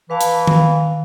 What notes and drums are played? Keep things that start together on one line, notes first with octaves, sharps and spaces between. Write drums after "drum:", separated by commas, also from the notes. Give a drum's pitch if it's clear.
E3 B4 F5 A5
drum: hi-hat
F5, drum: tom D#3